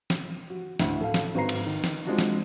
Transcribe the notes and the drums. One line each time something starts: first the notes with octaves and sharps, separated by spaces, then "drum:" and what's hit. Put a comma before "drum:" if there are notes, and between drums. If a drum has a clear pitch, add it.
drum: snare
F#4
D2 A2, drum: snare
A4 F5
drum: snare
G#1 F#4 B4 C5 A#5 C7
drum: cymbal
D#3
drum: snare
F3 G#3 C4 D4 F#4
drum: snare